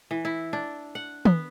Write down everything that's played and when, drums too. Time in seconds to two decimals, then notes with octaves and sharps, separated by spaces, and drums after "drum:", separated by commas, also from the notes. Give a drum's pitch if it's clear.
0.11 E3
0.25 E4
0.53 D4
0.95 F#5
1.25 B3, drum: tom